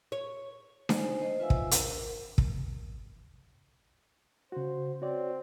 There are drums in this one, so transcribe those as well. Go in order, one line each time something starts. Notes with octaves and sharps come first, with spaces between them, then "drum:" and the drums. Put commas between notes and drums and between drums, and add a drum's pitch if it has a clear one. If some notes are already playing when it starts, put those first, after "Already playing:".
C#5
D#4 C5 G#5, drum: snare D4
C5 D#5
F4 B4 E5 F5 G#5 E6
drum: kick
A#4, drum: hi-hat
drum: kick
C#3 F#4 C5
C4 F#4 C#5 D5